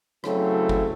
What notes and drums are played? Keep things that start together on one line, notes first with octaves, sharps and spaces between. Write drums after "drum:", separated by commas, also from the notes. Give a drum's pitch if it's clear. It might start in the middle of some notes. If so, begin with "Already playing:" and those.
C#3 F#3 A3 C4 E4, drum: rim click
drum: kick F#1